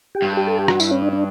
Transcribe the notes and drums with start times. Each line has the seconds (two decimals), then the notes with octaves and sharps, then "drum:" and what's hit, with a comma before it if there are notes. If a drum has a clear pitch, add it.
0.15 G4
0.22 G2
0.37 G4
0.47 A4
0.59 G4
0.68 F#4, drum: rim click
0.80 E4, drum: tambourine
0.91 C#4
1.02 D4
1.13 D4